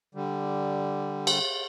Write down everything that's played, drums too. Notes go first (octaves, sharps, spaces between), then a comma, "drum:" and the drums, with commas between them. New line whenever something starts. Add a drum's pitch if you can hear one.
D3 G3
drum: cymbal